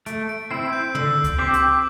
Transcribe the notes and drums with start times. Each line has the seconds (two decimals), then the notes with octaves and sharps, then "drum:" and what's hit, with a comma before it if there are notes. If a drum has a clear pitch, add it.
0.06 A3 D7, drum: hi-hat
0.29 D7
0.50 C4 E4 C7
0.73 G6
0.95 D3 E6, drum: tom
1.24 drum: kick C#2, hi-hat
1.38 C4 G4 C5 D6
1.54 D6, drum: hi-hat